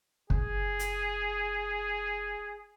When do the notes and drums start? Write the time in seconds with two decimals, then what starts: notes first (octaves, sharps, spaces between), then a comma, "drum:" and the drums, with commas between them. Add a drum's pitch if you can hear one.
0.30 F#1 G#4, drum: kick
0.79 drum: hi-hat